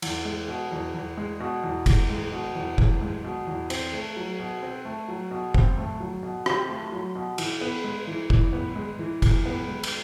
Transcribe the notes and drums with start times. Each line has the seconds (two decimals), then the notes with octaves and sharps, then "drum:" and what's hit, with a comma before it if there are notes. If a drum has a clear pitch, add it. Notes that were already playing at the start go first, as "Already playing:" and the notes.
0.02 E2, drum: cymbal
0.25 G#3
0.48 B2
0.72 E2
0.94 E2
1.17 G#3
1.40 B2
1.63 E2
1.86 E2, drum: kick F1, cymbal
2.09 G#3
2.32 B2
2.55 E2
2.78 E2, drum: kick F1
3.01 G#3
3.24 B2
3.47 E2
3.70 C4, drum: cymbal
3.93 A3
4.17 F#3
4.40 B2
4.62 C4
4.85 A3
5.08 F#3
5.31 B2
5.54 C4, drum: kick F1
5.77 A3
6.00 F#3
6.23 B2
6.46 C4, drum: rim click
6.69 A3
6.92 F#3
7.15 B2
7.38 E3, drum: cymbal
7.61 B3
7.84 G#3
8.07 E3
8.30 E3, drum: kick F1
8.53 B3
8.76 G#3
8.99 E3
9.22 E3, drum: kick F1, cymbal
9.46 B3
9.68 G#3
9.83 drum: cymbal